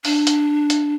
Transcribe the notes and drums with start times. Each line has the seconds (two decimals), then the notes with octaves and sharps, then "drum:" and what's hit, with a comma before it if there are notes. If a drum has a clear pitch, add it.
0.05 D4, drum: open hi-hat
0.27 drum: hi-hat
0.70 drum: hi-hat